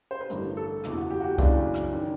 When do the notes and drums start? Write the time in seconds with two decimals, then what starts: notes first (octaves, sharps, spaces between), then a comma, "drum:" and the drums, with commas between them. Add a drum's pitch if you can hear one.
0.11 C5
0.21 B4
0.30 A1 G2 D3 A#4, drum: hi-hat
0.57 A4
0.84 F#1 E2 B2, drum: rim click
0.97 F#4
1.10 G4
1.20 F#4
1.24 G4
1.38 F#1 F#2 C#3 E3 D4, drum: kick C2, hi-hat
1.74 drum: rim click
1.93 D#3